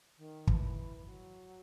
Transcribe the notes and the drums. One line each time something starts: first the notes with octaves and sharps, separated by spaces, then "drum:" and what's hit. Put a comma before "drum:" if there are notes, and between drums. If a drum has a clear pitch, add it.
D#3
E3, drum: kick
F#3